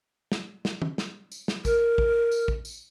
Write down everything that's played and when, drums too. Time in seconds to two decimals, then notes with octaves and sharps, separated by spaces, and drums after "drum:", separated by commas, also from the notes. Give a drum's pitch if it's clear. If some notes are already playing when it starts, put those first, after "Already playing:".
0.32 drum: snare
0.65 drum: snare
0.82 drum: tom
0.98 drum: snare
1.32 drum: tambourine
1.48 drum: snare
1.65 A#4, drum: kick, tambourine
1.98 drum: kick
2.32 drum: tambourine
2.48 drum: kick
2.65 drum: tambourine